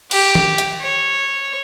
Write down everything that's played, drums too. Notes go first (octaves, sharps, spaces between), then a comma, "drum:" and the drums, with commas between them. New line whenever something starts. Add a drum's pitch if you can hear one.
G4, drum: cymbal
drum: tom D#3
drum: hi-hat
C#5